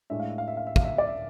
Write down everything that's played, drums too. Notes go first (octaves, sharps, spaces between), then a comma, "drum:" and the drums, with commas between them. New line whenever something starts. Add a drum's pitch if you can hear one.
A2 G#3 D4 E5
F5
E5
F5
E5
F5
E5
F5, drum: kick
E5
D5
E5